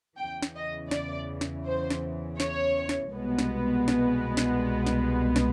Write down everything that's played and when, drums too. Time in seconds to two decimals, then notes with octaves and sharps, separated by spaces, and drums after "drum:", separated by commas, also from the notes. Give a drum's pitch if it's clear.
0.18 E2 C#3 E3 G5
0.42 drum: snare
0.55 D#5
0.91 D5, drum: snare
1.41 drum: snare
1.66 C5
1.90 drum: snare
2.40 C#5, drum: snare
2.89 drum: snare
3.14 C2 B2 G#3 B3
3.38 drum: snare
3.88 drum: snare
4.37 drum: snare
4.87 drum: snare
5.36 drum: snare